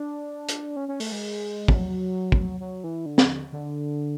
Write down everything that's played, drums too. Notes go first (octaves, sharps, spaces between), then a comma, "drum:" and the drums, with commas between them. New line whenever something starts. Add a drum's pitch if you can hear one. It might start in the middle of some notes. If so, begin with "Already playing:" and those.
Already playing: D4
drum: hi-hat
C#4
C#4
A3, drum: open hi-hat
G#3
F#3, drum: kick
drum: kick
F#3
E3
D3
C#3, drum: snare
D3
D3